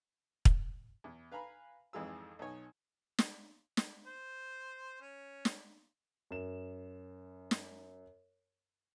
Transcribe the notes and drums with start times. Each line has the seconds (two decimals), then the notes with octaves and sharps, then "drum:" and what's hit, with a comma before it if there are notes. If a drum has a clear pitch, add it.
0.45 drum: kick
1.04 E2
1.32 B4 F5 G#5 A#5 B5
1.93 G#1 F2 E3 G#3 F5 E6
2.39 B1 D#4 C#5 G#5
3.19 drum: snare
3.77 drum: snare
4.06 C5
5.01 C#4
5.45 drum: snare
6.31 F#2 E7
7.51 drum: snare